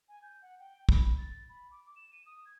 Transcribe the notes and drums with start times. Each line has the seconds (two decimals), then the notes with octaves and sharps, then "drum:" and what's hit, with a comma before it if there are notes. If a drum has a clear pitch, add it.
0.09 G#5
0.22 G6
0.42 F#5
0.59 G5
0.89 B5, drum: kick
1.18 A6
1.49 B5
1.71 D6
1.96 E7
2.12 D#7
2.26 D#6
2.45 G#6